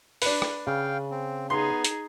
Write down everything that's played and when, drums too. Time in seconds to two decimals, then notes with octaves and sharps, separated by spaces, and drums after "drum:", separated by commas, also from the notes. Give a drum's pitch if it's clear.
0.22 D4 B4, drum: open hi-hat
0.42 drum: rim click
0.67 C#3 F5 G5
1.11 C4
1.50 B3 D#4 G#4 C6
1.85 drum: hi-hat